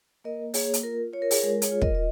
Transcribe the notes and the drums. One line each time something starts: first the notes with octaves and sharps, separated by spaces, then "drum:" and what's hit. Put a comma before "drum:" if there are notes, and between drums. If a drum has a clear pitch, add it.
A#3 A#4 D#5
A#3 G#4 C#5, drum: open hi-hat
drum: hi-hat
F4 A#4
F4 C#5
A#4
G#4 C#5, drum: open hi-hat
G#3 A#4
G#4 C#5, drum: hi-hat
F4
A#4 D#5, drum: kick
D#5